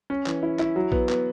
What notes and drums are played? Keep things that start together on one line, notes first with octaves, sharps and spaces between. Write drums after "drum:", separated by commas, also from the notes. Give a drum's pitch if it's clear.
C#4
E3, drum: clap
E4
E4, drum: clap
F#3
B3, drum: kick A#1
B3, drum: clap